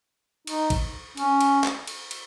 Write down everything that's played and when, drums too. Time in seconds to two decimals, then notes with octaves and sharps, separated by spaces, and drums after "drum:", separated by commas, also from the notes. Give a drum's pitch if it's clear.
0.47 D#4, drum: cymbal
0.70 drum: kick A#1, cymbal
1.17 C#4, drum: cymbal
1.41 drum: cymbal
1.64 drum: clap
1.87 drum: cymbal
2.11 drum: cymbal